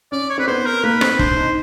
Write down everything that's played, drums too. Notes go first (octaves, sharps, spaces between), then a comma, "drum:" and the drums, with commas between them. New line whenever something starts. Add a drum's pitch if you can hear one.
C#4 D5
C#5
C4 B4
B3 C5
A#4
A#3 B4
C4, drum: rim click
D4 C5, drum: kick
D#4